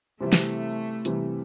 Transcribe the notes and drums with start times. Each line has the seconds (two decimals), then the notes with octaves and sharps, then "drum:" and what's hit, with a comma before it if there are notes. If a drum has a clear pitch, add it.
0.21 C3 E3 G3 A3 C4 E4
0.33 drum: snare
1.05 C3 E3 G3 C4 E4, drum: hi-hat